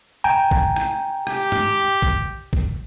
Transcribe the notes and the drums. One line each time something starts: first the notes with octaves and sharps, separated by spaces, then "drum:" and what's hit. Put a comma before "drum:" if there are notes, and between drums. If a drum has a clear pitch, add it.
G5 G#5 A#5
drum: kick
drum: rim click
G4, drum: rim click
drum: tom
drum: kick
drum: kick